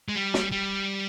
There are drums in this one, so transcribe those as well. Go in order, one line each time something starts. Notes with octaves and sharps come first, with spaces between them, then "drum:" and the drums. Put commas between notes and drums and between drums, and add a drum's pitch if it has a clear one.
G#3
G3
drum: snare
G3